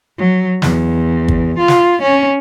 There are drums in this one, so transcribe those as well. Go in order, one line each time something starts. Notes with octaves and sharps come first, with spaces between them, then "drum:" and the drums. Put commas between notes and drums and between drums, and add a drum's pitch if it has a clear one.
F#3
E2, drum: snare
drum: kick
F4
drum: snare
C#4